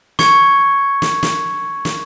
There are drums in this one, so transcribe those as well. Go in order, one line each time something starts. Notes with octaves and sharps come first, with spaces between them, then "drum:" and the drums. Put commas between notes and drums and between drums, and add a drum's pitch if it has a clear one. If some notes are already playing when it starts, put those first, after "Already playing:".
C#6 G#6 C#7, drum: snare
drum: snare
drum: snare
drum: snare